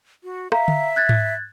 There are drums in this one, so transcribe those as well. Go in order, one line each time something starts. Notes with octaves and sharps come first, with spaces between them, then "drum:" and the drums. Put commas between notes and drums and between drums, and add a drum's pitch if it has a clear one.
F#4
E5 F5 A#5, drum: rim click
drum: tom D3
F#6 G#6 A6
drum: tom G#2